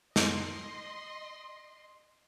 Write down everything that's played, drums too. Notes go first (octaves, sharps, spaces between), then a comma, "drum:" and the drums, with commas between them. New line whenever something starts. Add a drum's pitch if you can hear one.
D#5 C6, drum: snare